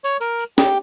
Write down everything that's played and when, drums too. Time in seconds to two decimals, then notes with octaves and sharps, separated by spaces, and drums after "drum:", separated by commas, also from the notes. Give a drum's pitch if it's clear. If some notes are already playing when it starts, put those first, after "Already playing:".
0.04 C#5, drum: tambourine
0.21 A#4, drum: tambourine
0.39 drum: tambourine
0.58 G4, drum: snare